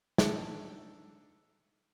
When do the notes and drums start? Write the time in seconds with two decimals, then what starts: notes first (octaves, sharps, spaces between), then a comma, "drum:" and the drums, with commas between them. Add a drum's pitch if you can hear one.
0.18 D4 D#4 A4, drum: snare